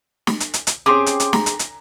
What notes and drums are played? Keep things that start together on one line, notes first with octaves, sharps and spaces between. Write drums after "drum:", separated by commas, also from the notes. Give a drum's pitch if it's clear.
drum: snare
drum: hi-hat
drum: hi-hat
drum: hi-hat
C4 C#4 G4 G#4 C6 D6
drum: hi-hat
drum: hi-hat
A#5, drum: snare
drum: hi-hat
drum: hi-hat